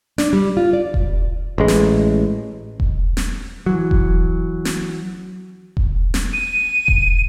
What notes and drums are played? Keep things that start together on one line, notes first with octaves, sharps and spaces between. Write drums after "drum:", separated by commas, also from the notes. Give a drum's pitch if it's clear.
D4, drum: snare
G3
F4
D5
drum: kick E1
A1 G#3
drum: snare
drum: kick E1
drum: snare
E3 F#3
drum: kick E1
drum: snare
drum: kick E1
drum: snare
D#7
drum: kick E1